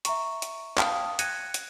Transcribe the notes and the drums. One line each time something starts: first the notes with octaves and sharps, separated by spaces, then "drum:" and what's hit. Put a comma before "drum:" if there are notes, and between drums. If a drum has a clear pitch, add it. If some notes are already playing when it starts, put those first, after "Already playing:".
E5 A#5 C#6, drum: hi-hat
drum: hi-hat
F5 G5 A5 D#6 F6, drum: clap
F#6 G#6 A#6 C#7 D#7, drum: hi-hat
drum: hi-hat